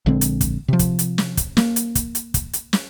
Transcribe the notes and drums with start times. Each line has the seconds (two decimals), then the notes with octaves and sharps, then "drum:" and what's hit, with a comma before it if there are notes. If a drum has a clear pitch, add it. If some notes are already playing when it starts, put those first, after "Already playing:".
0.06 A#1 D3 G#3 C4
0.21 drum: hi-hat
0.41 drum: kick, hi-hat
0.68 C3 F3
0.79 drum: kick, hi-hat
0.99 drum: hi-hat
1.18 drum: snare
1.37 drum: kick, hi-hat
1.57 A#3, drum: snare
1.76 drum: hi-hat
1.95 drum: kick, hi-hat
2.15 drum: hi-hat
2.34 drum: kick, hi-hat
2.53 drum: hi-hat
2.73 drum: snare